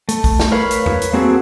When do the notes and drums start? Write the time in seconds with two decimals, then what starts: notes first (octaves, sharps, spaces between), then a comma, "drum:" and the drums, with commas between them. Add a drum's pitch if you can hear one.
0.09 A3, drum: hi-hat
0.24 drum: kick B1, open hi-hat
0.40 drum: snare
0.52 A#4 B4 C#5 F5 B5
0.71 drum: hi-hat
0.86 drum: tom E2
1.02 drum: hi-hat
1.13 A#3 C4 F#4 G#4 A4